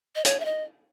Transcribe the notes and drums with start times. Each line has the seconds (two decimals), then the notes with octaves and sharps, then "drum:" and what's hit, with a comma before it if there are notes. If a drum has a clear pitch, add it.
0.15 D#5
0.25 C#5, drum: hi-hat
0.40 E5
0.45 D#5